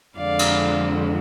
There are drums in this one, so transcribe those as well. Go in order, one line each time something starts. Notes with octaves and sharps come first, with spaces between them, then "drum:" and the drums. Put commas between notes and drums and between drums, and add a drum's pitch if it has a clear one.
F2 D3 F3 G#3 D5 F5
drum: cymbal